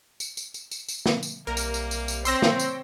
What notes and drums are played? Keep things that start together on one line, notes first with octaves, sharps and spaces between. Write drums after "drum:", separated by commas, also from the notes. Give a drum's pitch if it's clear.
drum: tambourine
drum: tambourine
drum: tambourine
drum: tambourine
drum: tambourine
drum: snare
drum: tambourine
B1 C3 G3 A#3 A#4
drum: tambourine
drum: tambourine
drum: tambourine
drum: tambourine
C4 C#5 G5 C6 E6 A#6, drum: tambourine
drum: snare
drum: tambourine